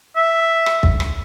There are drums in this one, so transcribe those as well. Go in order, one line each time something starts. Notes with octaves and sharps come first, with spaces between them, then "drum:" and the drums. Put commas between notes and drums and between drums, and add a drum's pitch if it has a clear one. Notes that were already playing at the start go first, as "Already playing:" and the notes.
E5
drum: rim click
drum: kick
drum: rim click